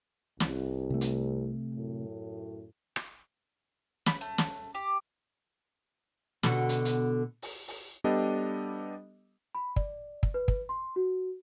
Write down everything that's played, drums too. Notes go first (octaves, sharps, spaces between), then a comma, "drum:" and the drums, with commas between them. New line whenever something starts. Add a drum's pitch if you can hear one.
C2, drum: snare
C3 A3
drum: hi-hat
F#2 A2
drum: rim click
B5, drum: snare
A3
drum: snare
G4
B2 D3 F#4, drum: snare
drum: hi-hat
drum: hi-hat
drum: open hi-hat
drum: open hi-hat
G3 B3 D4 G4 A4 D#5
B5
D5, drum: kick
drum: kick
B4
drum: kick
C6
F#4